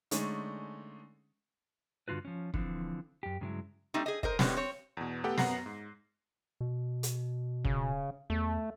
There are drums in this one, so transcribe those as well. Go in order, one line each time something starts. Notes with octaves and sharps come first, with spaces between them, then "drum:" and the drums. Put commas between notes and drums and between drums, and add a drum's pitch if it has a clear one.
D3 G#3 A3 C#4 D#4, drum: hi-hat
G2 D3 F3 F4 F#4 B4
F3 C#4
D3 E3 F3 C4, drum: kick
F#2 G4
G2 C#3 F#3 G#3 E4
G3 A3 C4 D#4
G#4 D#5
A#4 C5 D#5, drum: kick
A2 D3 G3 G#3 B3 C#4, drum: snare
C4 C#5
E2 B2
A3 B3 G4 A4 F#5 G5
F#2 B3 F#5 A#5 A#6 C7, drum: snare
G#2
B2
drum: hi-hat
C#3, drum: kick
E2 A3